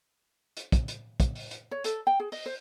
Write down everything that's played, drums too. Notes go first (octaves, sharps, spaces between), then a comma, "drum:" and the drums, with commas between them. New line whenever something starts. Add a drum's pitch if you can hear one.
drum: hi-hat
drum: kick, hi-hat
drum: hi-hat
drum: kick, hi-hat
drum: open hi-hat
drum: hi-hat
C#5
A4, drum: hi-hat
G5
G#4
D#5, drum: open hi-hat
C5